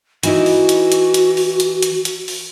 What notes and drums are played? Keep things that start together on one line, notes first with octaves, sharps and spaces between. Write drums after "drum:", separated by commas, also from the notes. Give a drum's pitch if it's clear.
E3 D#4 E4 F#4, drum: hi-hat
drum: open hi-hat
drum: hi-hat
drum: hi-hat
drum: hi-hat
drum: open hi-hat
drum: hi-hat
drum: hi-hat
drum: hi-hat
drum: open hi-hat